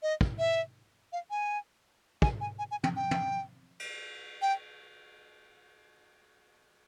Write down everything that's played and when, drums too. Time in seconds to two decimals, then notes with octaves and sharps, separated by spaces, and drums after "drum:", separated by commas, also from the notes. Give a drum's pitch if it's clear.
0.03 D#5
0.21 drum: kick
0.39 E5
1.13 F5
1.31 G#5
2.22 G#5, drum: kick
2.41 G#5
2.59 G#5
2.71 G#5
2.83 G5, drum: tom
2.96 G5
3.11 drum: tom
3.80 drum: cymbal
4.42 G5